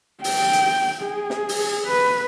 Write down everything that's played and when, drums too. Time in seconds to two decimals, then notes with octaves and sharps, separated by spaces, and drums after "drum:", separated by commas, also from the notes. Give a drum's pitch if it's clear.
0.24 G5, drum: open hi-hat
0.53 drum: hi-hat
1.02 G#4
1.30 drum: snare
1.49 drum: open hi-hat
1.87 B4